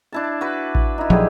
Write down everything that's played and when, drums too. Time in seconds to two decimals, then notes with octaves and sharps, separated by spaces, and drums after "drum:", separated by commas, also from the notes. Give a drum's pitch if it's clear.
0.12 D4 E4 A5
0.41 F#4 B4
0.75 drum: kick A1
0.98 D#4 E4
1.10 A#1 D3 F3 F#3 G4 G#4